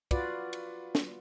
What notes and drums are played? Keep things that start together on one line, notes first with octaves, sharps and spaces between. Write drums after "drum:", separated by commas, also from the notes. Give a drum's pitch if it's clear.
F4 F#4 B4 D5, drum: kick, cymbal
drum: cymbal
drum: snare